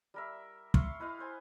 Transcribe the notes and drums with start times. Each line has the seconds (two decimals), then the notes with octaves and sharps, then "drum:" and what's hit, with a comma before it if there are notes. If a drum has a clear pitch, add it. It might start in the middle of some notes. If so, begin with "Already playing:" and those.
0.14 G3 A#4 E5
0.74 E5 F5 C6 C#6, drum: kick
1.00 E4 B4 D#5 F5
1.19 B4 C5 G#5